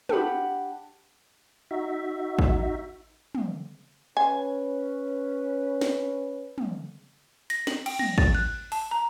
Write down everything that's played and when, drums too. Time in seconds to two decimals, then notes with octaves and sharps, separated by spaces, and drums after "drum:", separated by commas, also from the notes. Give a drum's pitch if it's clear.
0.09 D4 G4 F#5 B5, drum: tom
1.71 D#4 F#4 E5
2.39 drum: kick
3.35 drum: tom
4.17 C#4 B4 G#5
5.81 drum: snare
6.58 drum: tom
7.50 A#6, drum: hi-hat
7.67 F#7, drum: snare
7.86 G5, drum: cymbal
7.99 A#6, drum: tom
8.18 A6, drum: kick
8.35 F#6
8.72 A5, drum: open hi-hat
8.91 A#5